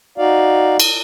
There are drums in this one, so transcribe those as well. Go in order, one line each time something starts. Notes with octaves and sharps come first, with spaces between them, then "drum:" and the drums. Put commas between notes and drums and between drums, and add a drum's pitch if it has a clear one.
D#4 F#4 D5 F5
drum: cymbal